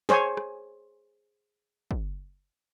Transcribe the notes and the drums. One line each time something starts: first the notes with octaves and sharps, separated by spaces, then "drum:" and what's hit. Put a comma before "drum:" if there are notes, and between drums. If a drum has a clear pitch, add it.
G#4 C5 C#5 G#5, drum: snare
drum: rim click
drum: kick